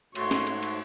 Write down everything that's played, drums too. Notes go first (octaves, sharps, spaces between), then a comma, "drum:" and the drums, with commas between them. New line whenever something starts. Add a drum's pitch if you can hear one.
G#2 A3 F#4 C#5 C6, drum: cymbal
drum: snare
drum: cymbal
drum: cymbal